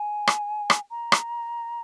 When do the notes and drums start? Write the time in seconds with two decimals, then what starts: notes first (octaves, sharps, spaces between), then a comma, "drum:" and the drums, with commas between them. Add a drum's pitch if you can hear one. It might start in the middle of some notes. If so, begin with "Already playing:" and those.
Already playing: G#5
0.27 drum: rim click
0.70 drum: rim click
0.91 A#5
1.12 drum: rim click